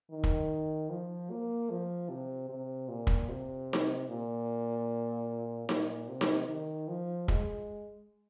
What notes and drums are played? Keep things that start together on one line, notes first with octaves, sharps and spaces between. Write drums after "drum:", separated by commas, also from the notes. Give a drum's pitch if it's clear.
D#3
drum: kick
F3
A#3
F3
C3
C3
A#2
drum: kick
C3
drum: snare D#4
A#2
A#2, drum: snare D#4
C3
drum: snare D#4
D#3
F3
G#3, drum: kick